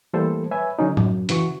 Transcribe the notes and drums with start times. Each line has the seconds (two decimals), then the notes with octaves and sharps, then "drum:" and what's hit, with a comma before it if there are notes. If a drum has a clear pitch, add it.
0.14 E3 G3 A3 A#3 A4 C5
0.51 B4 C#5 E5 G#5
0.79 D3 F#3 C#4 D#4
0.97 F#2, drum: tom A2
1.29 C#3 E3 F#4 C#6, drum: hi-hat